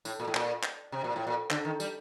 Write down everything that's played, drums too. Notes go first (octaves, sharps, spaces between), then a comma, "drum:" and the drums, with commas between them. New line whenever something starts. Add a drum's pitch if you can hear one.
A2, drum: tambourine
A#2
A2
A#2, drum: clap
drum: clap
C3
A#2
A2
A#2
D3, drum: clap
D#3
G3, drum: tambourine